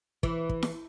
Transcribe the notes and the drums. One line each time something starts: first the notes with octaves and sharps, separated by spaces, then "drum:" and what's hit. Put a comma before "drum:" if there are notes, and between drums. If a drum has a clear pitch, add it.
E3, drum: kick
drum: kick
drum: snare E4